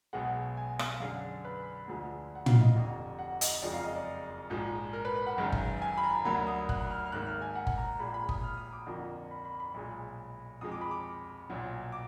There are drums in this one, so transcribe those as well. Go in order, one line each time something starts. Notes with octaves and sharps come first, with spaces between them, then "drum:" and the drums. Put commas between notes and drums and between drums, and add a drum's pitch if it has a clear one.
B1 B2 G#3 F#5
G#5
F5, drum: rim click
F#2 D3 G#3 F5
D5
B4
D2 D3 F3 G#3
F#5
F5, drum: tom
D#5
F1 F2 D3
F#5
D#5, drum: hi-hat
F#1 F2 F3 G#3 D5
F5
D#5
D5
A#1 G#2 F3 G#3
A#4
B4
F#5
G#1 F#2 D#3 G#3
drum: kick G1
G#5
B5
A#5
D2 D3 F#3 A#3 B5
D#6
F#6, drum: kick G1
F6
F6
G#1 G#2 D#3 A#3 F#6
F6
G#5
F#5
drum: kick G1
A#5
A#1 A#2 G#3 B5
B5
D#6, drum: kick G1
F6
D#6
D6
F2 D3 F3 A#3
B5
B5
B5
B1 A#2 G#3
F2 F3 G#3 D#6
D6
B5
D6
B1 A#2 F#3
D6